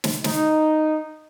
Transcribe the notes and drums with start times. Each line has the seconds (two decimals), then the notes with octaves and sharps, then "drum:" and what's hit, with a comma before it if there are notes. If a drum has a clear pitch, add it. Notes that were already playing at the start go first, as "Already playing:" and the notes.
0.04 drum: snare
0.24 D#4, drum: snare